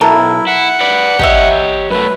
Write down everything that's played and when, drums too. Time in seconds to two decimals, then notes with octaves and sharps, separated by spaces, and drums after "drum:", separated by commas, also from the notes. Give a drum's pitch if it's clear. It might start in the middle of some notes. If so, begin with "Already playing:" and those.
0.01 B1 E3 E4 A4 A#4
0.47 E4 F#5
0.81 B4 D5
1.19 B2 G4 C#5 D#5 E5, drum: kick
1.91 F#2 A3 B4